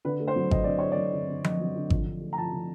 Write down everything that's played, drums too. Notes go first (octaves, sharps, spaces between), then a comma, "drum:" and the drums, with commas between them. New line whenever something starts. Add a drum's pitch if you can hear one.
D3 B4
A3
C5
F#3
D3 D#5, drum: kick G#1
D3 D5
A3 C#5
D5
F#3
D3
D3
A3 D#5, drum: tom F3
F#3
D3
F3, drum: kick G#1
D4
A3
A#5
F3 A5
F3